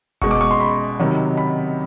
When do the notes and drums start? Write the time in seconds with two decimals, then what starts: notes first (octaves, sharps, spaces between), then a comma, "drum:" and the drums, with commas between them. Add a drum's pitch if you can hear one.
0.22 B2 G#3 C#6, drum: kick F#1, hi-hat
0.31 D6
0.41 C#6
0.51 C6
0.60 B5, drum: hi-hat
1.00 C3 D#3 F#3, drum: hi-hat
1.37 B5, drum: hi-hat